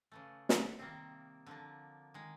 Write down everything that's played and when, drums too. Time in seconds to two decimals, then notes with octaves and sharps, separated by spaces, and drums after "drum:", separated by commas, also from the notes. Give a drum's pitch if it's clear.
0.12 C#3 E3 A3
0.49 drum: snare
0.79 C3 D#3 G3 A#3 C4
1.46 D3 F3 A#3
2.14 D#3 G#3